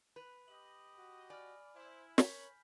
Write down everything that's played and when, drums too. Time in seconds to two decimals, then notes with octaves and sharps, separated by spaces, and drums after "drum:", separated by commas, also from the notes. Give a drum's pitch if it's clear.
0.16 B4 B5
0.48 G4 D#5 F#7
0.98 F#4
1.30 D5 G#5 B5 F6
1.75 E4 C5
2.18 A#4 C#5 B5 G6 B6, drum: snare